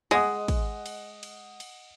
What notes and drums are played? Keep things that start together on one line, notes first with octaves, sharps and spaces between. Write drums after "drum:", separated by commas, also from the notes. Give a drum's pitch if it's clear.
G#3 D#5 F#5 D#6, drum: cymbal
drum: kick, cymbal
drum: cymbal
drum: cymbal
drum: cymbal